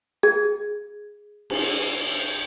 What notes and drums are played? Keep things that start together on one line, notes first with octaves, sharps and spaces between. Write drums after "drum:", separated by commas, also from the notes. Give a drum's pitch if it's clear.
G#4 G#6
drum: cymbal